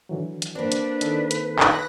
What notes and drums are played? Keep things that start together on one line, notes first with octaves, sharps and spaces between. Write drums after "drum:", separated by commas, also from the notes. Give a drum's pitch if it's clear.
D3 E3 F#3
drum: hi-hat
A#3 C4 D4 B4
drum: hi-hat
D#3 D#4 A4, drum: hi-hat
drum: hi-hat
B5 F#6 A#6, drum: clap